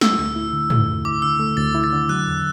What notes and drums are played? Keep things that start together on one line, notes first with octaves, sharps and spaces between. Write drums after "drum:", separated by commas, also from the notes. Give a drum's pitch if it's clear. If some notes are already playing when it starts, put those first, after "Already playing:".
A3 E6, drum: snare
D2
E4
D3
A3, drum: tom
D2
E4 D6
D3 E6
A3
D2 A6
E4
A6
D3
F#3 F#6
E2